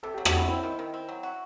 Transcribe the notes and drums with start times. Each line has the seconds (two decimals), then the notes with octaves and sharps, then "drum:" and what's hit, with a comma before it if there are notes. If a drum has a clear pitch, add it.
0.03 C3 A4
0.14 F#3 G4
0.25 F#4, drum: rim click
0.33 F#3 E4
0.48 C4 E4
0.63 D#3
0.79 D#3
0.94 C4
1.09 F#3
1.23 F#4